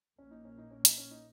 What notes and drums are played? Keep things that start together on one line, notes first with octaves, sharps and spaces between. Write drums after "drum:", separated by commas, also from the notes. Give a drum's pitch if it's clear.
A#1 A#2 A#3 C#4
D#4
C#4
D#4
C#4
D#4, drum: hi-hat
C#4
D#4